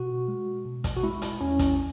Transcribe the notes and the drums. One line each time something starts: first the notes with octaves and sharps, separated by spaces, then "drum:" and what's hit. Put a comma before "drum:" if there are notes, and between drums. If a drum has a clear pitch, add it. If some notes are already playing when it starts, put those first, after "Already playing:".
Already playing: B2 F#4
G#3
B2
drum: kick, hi-hat
F#4
G#3 E4
drum: hi-hat
E2 C#4
drum: kick, hi-hat